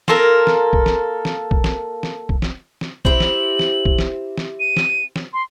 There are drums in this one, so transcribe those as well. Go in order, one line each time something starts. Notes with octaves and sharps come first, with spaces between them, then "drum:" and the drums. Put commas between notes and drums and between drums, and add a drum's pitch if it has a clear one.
A#3 F4 A4 A#4, drum: snare
drum: snare
drum: kick A#1
drum: snare
drum: snare
drum: kick A#1
drum: snare
drum: snare
drum: kick A#1
drum: snare
drum: snare
C4 E4 G4 F#7, drum: kick A#1
drum: snare
drum: snare
drum: kick A#1
drum: snare
drum: snare
D#7
drum: snare
drum: snare
C6